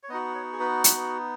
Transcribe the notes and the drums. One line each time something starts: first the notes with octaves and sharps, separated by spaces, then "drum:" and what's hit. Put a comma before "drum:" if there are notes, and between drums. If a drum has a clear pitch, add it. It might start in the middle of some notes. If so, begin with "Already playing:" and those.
C#5
B3 D#4 F#4 D#5
C#5
G#4
B4
B4, drum: hi-hat